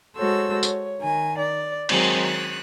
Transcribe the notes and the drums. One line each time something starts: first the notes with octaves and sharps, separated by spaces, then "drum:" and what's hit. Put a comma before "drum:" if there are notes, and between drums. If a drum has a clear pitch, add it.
G#3 F#4 A4 C5 C#5 E6
C#5, drum: tambourine
D#3 G#5
D5
D#3 F#3 G#3 C4, drum: cymbal
F#6